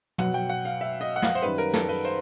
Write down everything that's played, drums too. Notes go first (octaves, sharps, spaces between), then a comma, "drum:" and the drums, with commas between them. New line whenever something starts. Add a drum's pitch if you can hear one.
B2 F#3 F#5, drum: tom
G5
F#5
F5
E5
D#5
F#5
F5, drum: snare
C5
F#2 D#3 G3 B4
A#4
A4, drum: snare
B4, drum: open hi-hat
C5